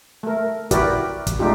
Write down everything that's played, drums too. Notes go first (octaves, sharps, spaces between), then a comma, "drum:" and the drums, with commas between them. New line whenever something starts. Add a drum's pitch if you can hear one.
A3 A#4
E4 F#4 G4 A#4 B4 D5, drum: kick, hi-hat
drum: kick, hi-hat
G#3 A3 D4 D#4 F4 G4